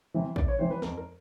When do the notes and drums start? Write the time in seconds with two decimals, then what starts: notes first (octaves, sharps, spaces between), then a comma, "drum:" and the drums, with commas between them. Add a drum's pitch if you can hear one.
0.14 C3 E3 G3
0.36 C2 D5, drum: kick
0.48 C#5
0.59 C3 E3 G3 C5
0.70 B4
0.82 F2 A#4, drum: snare
0.97 A#4